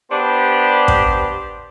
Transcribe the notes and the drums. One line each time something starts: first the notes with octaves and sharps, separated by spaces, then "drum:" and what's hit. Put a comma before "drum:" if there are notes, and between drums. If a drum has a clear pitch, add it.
B3 D4 G4 C5
drum: kick